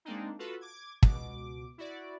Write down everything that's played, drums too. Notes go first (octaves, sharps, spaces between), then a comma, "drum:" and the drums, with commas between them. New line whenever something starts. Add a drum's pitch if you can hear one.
G#3 A#3 C4 D4 D#4
F4 F#4 A4 B4
D6 G#6
C#2 B2 D6, drum: kick
E4 F#4 D5